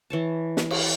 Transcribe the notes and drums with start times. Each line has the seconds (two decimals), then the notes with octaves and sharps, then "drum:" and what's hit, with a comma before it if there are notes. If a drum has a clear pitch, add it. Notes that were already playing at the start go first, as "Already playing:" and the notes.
0.10 E3 C#5 A5
0.57 drum: snare
0.71 drum: cymbal